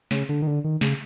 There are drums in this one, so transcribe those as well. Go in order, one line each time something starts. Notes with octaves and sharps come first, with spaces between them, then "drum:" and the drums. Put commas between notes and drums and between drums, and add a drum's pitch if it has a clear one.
C#3, drum: snare
D3
D#3
D3
D#3
C#3, drum: snare